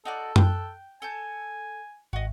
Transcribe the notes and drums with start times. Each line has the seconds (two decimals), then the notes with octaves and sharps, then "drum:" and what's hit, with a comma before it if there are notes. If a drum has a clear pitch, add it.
0.05 D#4 F#4 A4 D5
0.36 G5 F#6, drum: tom F#2
1.02 A4 G#5 A5 G6
2.13 G#1 F#4 D#5